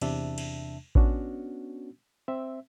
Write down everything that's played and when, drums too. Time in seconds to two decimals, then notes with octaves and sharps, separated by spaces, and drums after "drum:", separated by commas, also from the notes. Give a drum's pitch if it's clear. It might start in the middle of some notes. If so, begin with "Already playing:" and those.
0.01 E2 C3 D4 E5 A5, drum: cymbal
0.38 drum: cymbal
0.95 B3 C#4 D4 F#4, drum: kick A1
2.28 C4 E5